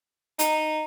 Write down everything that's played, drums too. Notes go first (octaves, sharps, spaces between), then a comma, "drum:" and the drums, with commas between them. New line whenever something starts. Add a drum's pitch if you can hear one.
D#4, drum: hi-hat